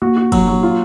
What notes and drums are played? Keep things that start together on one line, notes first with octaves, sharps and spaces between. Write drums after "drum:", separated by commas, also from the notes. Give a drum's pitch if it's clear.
A#3 F#4
F#4
F#3, drum: kick, cymbal
F#3
F4